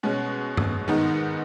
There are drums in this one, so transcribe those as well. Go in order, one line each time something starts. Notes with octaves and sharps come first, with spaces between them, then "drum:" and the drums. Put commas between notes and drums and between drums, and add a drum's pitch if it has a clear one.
B2 G#3 C#4
drum: tom
G#2 D#3 G#3 B3 D#4